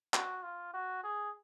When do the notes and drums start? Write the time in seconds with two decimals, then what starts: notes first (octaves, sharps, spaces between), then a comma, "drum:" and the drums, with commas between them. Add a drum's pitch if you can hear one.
0.14 F#4, drum: clap
0.43 F4
0.73 F#4
1.03 G#4